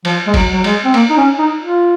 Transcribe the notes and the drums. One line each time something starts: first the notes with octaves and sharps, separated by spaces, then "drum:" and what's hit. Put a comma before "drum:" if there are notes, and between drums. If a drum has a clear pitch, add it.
F3, drum: cymbal
G#3
F#3, drum: kick, cymbal
F#3
G#3, drum: cymbal
C4
A#3, drum: cymbal
D#4
C#4
D#4
F4